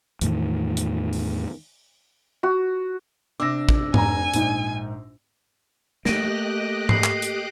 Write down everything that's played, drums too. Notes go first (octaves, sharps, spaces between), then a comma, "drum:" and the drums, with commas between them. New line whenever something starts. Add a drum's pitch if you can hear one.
E2 A2 D#3, drum: hi-hat
drum: hi-hat
drum: open hi-hat
F#4
C3 D4 D6 E6 A#6
drum: kick
F1 G#5 A#5, drum: tom G#2
A#1 G#2 D#4, drum: hi-hat
A3 A#3 G4 D#5 F#6 A#6 D7 D#7, drum: snare
C7 F#7, drum: tom G#2
drum: clap
drum: hi-hat